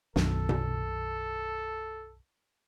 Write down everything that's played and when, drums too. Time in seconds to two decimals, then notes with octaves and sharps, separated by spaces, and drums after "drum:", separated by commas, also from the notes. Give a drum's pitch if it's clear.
0.16 B1 F#2 D#3 A4, drum: snare
0.49 drum: tom B2